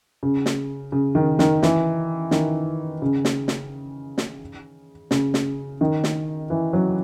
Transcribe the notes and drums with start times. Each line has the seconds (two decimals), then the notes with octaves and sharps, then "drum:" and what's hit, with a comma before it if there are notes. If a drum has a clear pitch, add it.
0.23 C#3
0.46 drum: snare
0.92 C#3
1.15 D#3
1.39 D#3, drum: snare
1.63 E3, drum: snare
2.31 D#3, drum: snare
3.02 C#3
3.25 drum: snare
3.48 drum: snare
4.18 drum: snare
5.11 C#3, drum: snare
5.34 drum: snare
5.81 D#3
6.04 drum: snare
6.50 E3
6.73 F#3